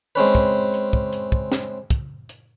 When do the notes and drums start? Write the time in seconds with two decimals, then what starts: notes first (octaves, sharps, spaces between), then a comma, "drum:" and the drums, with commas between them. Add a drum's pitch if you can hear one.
0.15 G#3 C4 C#4 B4
0.35 drum: kick, hi-hat
0.74 drum: hi-hat
0.93 drum: kick
1.13 drum: hi-hat
1.32 drum: kick
1.52 drum: snare
1.90 drum: kick, hi-hat
2.29 drum: hi-hat